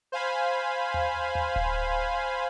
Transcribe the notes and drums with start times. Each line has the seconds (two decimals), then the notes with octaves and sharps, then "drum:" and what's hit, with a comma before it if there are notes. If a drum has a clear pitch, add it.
0.12 C5 F5 G#5 B5
0.94 drum: tom D#2
1.35 drum: tom D#2
1.56 drum: kick D1